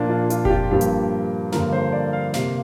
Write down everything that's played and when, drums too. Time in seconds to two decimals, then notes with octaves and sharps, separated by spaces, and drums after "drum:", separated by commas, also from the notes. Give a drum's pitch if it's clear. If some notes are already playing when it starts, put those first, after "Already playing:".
Already playing: A#2 F3 A#3 D4
0.09 F4
0.30 F4, drum: hi-hat
0.45 G4, drum: kick F1
0.50 F4
0.71 G2 F3 A#3 G4
0.81 drum: hi-hat
1.52 G2 D3 F3 A#3 A#4, drum: snare
1.73 C5
1.93 D5
2.13 F5
2.34 C3 A#3 F5, drum: snare